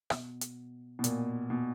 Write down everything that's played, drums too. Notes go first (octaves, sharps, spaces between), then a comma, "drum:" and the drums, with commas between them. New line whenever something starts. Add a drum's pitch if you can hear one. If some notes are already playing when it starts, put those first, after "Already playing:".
B2, drum: rim click
drum: hi-hat
B2
A#2, drum: hi-hat
B2